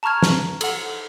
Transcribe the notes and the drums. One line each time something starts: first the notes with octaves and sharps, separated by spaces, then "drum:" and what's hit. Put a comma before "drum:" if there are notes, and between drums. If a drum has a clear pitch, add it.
A5 A#5 C#6 F6 G#6
drum: snare
A4 F#5, drum: cymbal